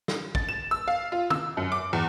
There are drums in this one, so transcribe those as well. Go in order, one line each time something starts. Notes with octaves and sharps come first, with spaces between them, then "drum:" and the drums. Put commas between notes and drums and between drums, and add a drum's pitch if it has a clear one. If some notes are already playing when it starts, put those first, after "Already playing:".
drum: snare
A6, drum: kick
E7
E6
F5
F4
E6, drum: tom
F#2
D6
E2